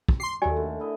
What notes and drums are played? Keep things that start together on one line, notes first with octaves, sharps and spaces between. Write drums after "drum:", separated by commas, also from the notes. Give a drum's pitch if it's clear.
drum: kick
G#4 C6 C7
D#2 D#3 F#3 A3 G4 D5 G#5
D3
E4 D#5